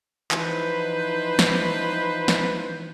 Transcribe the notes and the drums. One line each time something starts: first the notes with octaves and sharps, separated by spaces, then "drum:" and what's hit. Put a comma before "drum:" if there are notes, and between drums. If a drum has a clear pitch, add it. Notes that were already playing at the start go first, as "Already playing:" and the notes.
E3 F3 D#4 B4 C5, drum: clap
drum: snare
drum: snare